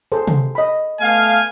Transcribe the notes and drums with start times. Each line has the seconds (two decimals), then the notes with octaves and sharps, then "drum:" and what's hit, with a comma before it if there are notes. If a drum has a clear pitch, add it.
0.12 G#4 A4 C5
0.28 drum: tom C3
0.55 D#5 B5
1.01 A3 B3 F5 G#5